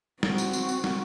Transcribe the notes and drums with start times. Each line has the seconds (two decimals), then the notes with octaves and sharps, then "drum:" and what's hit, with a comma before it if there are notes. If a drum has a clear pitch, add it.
0.23 C4 F#4, drum: snare
0.38 drum: tambourine
0.53 drum: tambourine
0.69 drum: tambourine
0.84 drum: snare